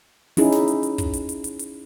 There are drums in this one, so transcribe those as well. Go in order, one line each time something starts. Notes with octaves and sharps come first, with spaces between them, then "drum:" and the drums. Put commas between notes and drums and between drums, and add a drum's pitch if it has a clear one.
C#4 D#4 E4 G#4, drum: open hi-hat
drum: snare
drum: hi-hat
drum: hi-hat
drum: kick, hi-hat
drum: hi-hat
drum: hi-hat
drum: hi-hat
drum: hi-hat